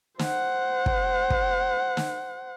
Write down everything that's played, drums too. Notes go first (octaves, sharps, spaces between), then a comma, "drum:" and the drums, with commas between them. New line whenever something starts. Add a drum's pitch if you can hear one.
C5 F#5, drum: snare
drum: kick
drum: kick
drum: snare